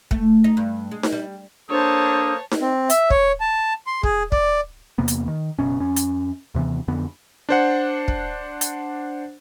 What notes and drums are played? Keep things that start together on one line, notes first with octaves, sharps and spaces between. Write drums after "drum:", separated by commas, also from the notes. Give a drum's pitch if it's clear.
A3, drum: kick
D#4
G2
G#3
drum: snare D#4
G3
A#3 D4 A4 C5 C#5 A5 D#6
drum: snare D#4
C4
E5, drum: hi-hat
C#5, drum: kick
A5
C6
G#4, drum: kick
D5, drum: kick
E2 C3 A#3 B3
drum: hi-hat
D#3
F#1 C2 B2 C#4
F2 C#4
drum: hi-hat
D#2 C3 E3 B3
F2 D3 B3
D4 C5 F#5
drum: kick
drum: hi-hat